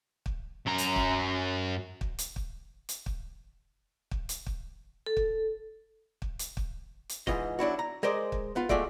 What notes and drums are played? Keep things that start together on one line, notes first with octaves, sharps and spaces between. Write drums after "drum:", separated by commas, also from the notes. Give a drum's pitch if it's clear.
drum: kick
F#2 A#5
drum: hi-hat
drum: kick
drum: kick
drum: hi-hat
drum: kick
drum: hi-hat
drum: kick
drum: kick
drum: hi-hat
drum: kick
A4
drum: kick
drum: kick
drum: hi-hat
drum: kick
drum: hi-hat
G#2 E3 F4 D#5, drum: kick
F#3 D4 E4 F#4
A#5
G#3 A#4 C5 D5 D#5
drum: kick
B3 F4
G#3 A3 F4 F#4 D5 E5, drum: kick